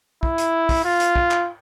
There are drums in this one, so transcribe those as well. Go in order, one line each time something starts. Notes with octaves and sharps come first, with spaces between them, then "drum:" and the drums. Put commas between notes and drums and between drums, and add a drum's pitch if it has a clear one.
E4, drum: kick
drum: hi-hat
drum: kick, open hi-hat
F4
drum: hi-hat
drum: kick
drum: clap